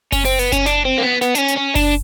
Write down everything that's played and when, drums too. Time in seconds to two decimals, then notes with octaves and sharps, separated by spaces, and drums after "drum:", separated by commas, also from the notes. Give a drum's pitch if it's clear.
0.12 C#4, drum: kick F#1, open hi-hat
0.25 C4, drum: open hi-hat
0.39 B3, drum: hi-hat
0.52 C#4, drum: kick F#1, hi-hat
0.66 D4, drum: snare
0.85 C4
0.98 A#3
1.03 B3
1.21 B3, drum: snare
1.35 D4, drum: hi-hat
1.39 C#4
1.48 drum: hi-hat
1.58 C#4
1.75 D4, drum: kick F#1, open hi-hat